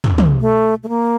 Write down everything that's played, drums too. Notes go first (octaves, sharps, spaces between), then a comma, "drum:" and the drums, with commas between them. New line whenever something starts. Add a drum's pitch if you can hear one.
drum: tom
drum: tom
A3
A3
A#3